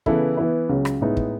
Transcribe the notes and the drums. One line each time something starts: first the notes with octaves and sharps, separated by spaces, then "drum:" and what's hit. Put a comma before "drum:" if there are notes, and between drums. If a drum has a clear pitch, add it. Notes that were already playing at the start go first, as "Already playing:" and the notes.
C#3 E3 B3 E4 A4, drum: kick
E3 B3 E4
C#2 C#3 F#3
drum: rim click
A2 G#3 B3 D#4
drum: kick